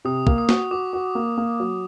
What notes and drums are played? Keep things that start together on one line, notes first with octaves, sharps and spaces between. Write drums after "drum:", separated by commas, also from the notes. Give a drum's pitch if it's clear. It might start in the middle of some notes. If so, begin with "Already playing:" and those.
C3 D#6
A#3, drum: kick
D#6
F#4, drum: snare
F#4 D6
F#4
A#3
A#3
F#3